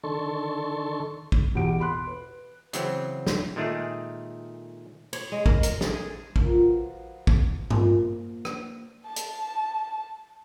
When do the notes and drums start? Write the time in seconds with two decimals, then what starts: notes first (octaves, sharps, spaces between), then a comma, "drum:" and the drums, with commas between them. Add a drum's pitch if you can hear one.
0.04 D3 D#3 A4 A5 C6 C#6
1.32 drum: kick A1
1.55 E2 B2 G4 F#5 D7
1.80 B5 C6 F#6
2.07 B4
2.73 C#3 E3 F#3 C4, drum: hi-hat
3.27 drum: snare
3.56 A#2 D#3 G#3 A3 G#4
5.13 C#5, drum: cymbal
5.32 G#3
5.46 A#4, drum: kick A1
5.63 A#4, drum: hi-hat
5.81 A4, drum: snare
5.94 G#4
6.36 F3 F#4 A#4 B4, drum: kick A1
7.27 drum: kick A1
7.70 A#2, drum: tom G2
8.45 drum: rim click
9.06 A5
9.16 drum: hi-hat